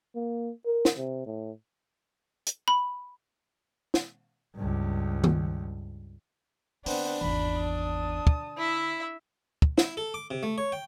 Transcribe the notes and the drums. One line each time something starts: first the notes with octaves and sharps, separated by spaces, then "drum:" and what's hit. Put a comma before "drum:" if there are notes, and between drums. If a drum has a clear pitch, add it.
A#3
A#4
drum: snare
C3
A2
drum: hi-hat
B5
drum: snare
C#2 G2
drum: tom D#3
D3 B3 C4 D4, drum: open hi-hat
G#1 E2 B5
A5 D#6
D3, drum: kick
E4 E5
drum: kick
E4, drum: snare
A4
D6
C3
A3
C#5
G5